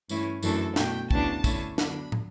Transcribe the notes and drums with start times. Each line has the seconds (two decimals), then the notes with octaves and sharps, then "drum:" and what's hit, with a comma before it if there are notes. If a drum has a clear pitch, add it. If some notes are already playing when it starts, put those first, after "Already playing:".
0.09 G2 E3 A3 C#4 E4, drum: tambourine
0.43 F#2 E3 A3 D4 A4, drum: tambourine
0.76 B2 A3 D4 G5, drum: snare
1.11 D2 C#3 E3 B3 D4 A5, drum: kick
1.44 D3 A3 C#4 E4, drum: kick, tambourine
1.78 D3 F#3 B3 D4 B5, drum: snare
2.12 drum: tom